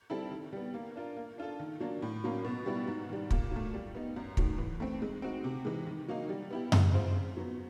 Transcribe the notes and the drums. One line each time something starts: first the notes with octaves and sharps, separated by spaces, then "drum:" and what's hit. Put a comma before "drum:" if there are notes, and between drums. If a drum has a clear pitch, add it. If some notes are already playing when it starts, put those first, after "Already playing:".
G3 C4 E4 A4
D#3
G3 B3
A#3
D4 F4 A#4
A#3
D4 F4 A4
D#3
F#3 A#3 D4
A2
F#3 A#3 C#4
B2
G3 B3 E4
G#2
D#3 G3
A#2, drum: kick
F#3 A3
G3
B3 D#4
F#2
D#3 F#3 A3, drum: kick
E3
A3 C4
G#3
C4 D#4 F#4
C3
E3 G#3
D#3
F#3 A#3 D#4
G3
B3 E4 G4
G#3, drum: tom F#2
C4 F4 G#4 C5
C#3
F#3 B3